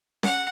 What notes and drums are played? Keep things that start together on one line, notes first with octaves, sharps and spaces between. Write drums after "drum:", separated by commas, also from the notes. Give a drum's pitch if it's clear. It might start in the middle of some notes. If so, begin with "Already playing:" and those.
F#5, drum: snare C#4